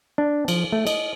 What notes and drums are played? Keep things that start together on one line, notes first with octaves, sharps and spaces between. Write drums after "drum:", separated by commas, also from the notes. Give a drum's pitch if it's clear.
D4
F3, drum: cymbal
A3
D#5, drum: cymbal